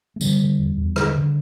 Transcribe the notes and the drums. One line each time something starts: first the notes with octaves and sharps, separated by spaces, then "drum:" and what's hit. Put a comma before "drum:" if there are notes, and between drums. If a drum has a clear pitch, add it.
A3
D3 G3, drum: tambourine
D3
E2
E2
D3, drum: rim click
D3